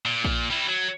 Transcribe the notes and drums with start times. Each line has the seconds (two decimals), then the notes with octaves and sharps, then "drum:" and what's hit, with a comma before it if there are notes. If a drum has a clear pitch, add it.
0.06 A#2
0.24 drum: kick A#1
0.50 G3 E4
0.67 F#3